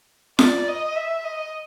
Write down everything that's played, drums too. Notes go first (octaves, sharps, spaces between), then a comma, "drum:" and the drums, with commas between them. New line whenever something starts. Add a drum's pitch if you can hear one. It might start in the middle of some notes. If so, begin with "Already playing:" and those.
D5, drum: snare F4
D#5
E5
D#5